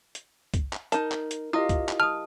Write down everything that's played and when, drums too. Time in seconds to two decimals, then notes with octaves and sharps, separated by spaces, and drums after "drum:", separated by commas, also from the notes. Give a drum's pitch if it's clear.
0.15 drum: hi-hat
0.54 drum: kick, hi-hat
0.73 drum: clap
0.92 D#4 A#4 A5, drum: hi-hat
1.12 drum: clap
1.31 drum: hi-hat
1.53 E4 F4 G4 D#5 F5 D#6
1.69 drum: kick, hi-hat
1.89 drum: clap
2.00 A5 D#6 F6